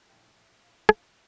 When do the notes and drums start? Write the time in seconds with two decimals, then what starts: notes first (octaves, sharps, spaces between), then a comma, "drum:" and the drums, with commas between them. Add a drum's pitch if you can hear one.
0.07 A#1 A2 F3 G5
0.62 F5
0.89 F5, drum: rim click